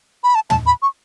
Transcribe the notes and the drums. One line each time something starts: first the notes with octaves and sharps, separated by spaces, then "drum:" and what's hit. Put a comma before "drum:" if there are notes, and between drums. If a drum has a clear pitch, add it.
B5
A5
A5, drum: tom
B5
C#6